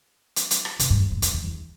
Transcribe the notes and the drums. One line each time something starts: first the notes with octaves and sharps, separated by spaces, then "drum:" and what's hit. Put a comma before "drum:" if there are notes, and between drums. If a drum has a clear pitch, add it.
drum: hi-hat
drum: hi-hat
drum: rim click
C#3, drum: hi-hat
G2
G2
F#2
F2, drum: hi-hat
E2
E2